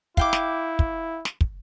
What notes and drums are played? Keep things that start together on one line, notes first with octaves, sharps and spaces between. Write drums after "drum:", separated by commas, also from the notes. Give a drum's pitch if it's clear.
E4 F5 G5 D6, drum: kick
drum: snare
drum: kick
drum: snare
drum: kick